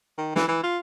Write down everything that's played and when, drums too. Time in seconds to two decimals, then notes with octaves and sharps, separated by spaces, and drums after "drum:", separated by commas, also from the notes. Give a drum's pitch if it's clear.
0.18 D#3
0.36 E3, drum: snare
0.48 E3
0.64 F4